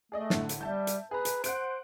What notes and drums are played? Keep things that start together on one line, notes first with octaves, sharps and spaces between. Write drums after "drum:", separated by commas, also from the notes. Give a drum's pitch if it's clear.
A3 G#4 D5 D#5
A2 D3, drum: snare
drum: hi-hat
G3 E5 A5 G6
drum: hi-hat
G#4 B4 A#5
drum: hi-hat
C5 F#5 F#6 D7, drum: hi-hat